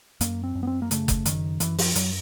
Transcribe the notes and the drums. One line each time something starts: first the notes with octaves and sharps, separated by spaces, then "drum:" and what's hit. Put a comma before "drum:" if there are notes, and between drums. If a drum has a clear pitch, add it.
F#2 A#3, drum: hi-hat
C4
F#2
B3
C4
A#3
C#3 A3, drum: hi-hat
drum: kick F#1, hi-hat
F#2 D#3, drum: hi-hat
F#2 E3, drum: hi-hat
F3, drum: open hi-hat
F#2 F#3, drum: hi-hat